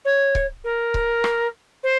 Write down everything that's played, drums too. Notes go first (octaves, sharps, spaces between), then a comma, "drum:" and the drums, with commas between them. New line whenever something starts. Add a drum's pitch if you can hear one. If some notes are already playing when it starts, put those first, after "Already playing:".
C#5
drum: kick C#1
A#4
drum: kick C#1
drum: rim click
C5